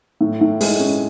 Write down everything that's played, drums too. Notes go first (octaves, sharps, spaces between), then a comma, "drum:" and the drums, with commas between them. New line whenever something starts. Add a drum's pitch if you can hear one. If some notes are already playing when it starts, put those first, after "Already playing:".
A2
A2
G#3, drum: open hi-hat
C#4